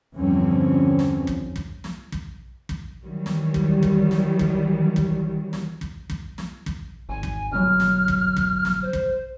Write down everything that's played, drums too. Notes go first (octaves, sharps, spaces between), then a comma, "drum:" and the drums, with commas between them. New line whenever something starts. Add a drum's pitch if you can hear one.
E2 G2 D3 F3 C4 C#4
drum: snare
drum: kick
drum: kick
drum: snare
drum: kick
drum: kick
D#3 E3 F#3 G3
drum: snare
drum: kick
drum: kick
drum: snare
drum: kick
drum: kick
drum: snare
drum: kick
drum: kick
drum: snare
drum: kick
G#1 G#5
drum: kick
G1 B2 F#3 F6
drum: snare
drum: kick
drum: kick
drum: snare
C5
drum: kick